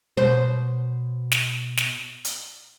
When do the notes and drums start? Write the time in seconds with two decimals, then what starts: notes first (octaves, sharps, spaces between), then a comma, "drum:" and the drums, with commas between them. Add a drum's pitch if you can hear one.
0.17 B2 C5
1.32 drum: snare
1.77 drum: snare
2.25 drum: hi-hat